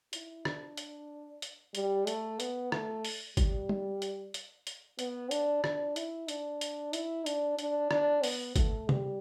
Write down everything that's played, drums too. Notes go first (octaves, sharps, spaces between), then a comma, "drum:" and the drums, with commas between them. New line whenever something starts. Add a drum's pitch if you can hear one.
E4, drum: hi-hat
D4, drum: rim click
drum: hi-hat
drum: hi-hat
G3, drum: hi-hat
A3, drum: hi-hat
B3, drum: hi-hat
A3, drum: rim click
drum: open hi-hat
G3, drum: kick G#1, hi-hat
drum: tom
drum: hi-hat
drum: hi-hat
drum: hi-hat
B3, drum: hi-hat
D4, drum: hi-hat
D4, drum: rim click
E4, drum: hi-hat
D4, drum: hi-hat
drum: hi-hat
E4, drum: hi-hat
D4, drum: hi-hat
D4, drum: hi-hat
D4, drum: rim click
B3, drum: open hi-hat
A3, drum: kick G#1, hi-hat
G3, drum: tom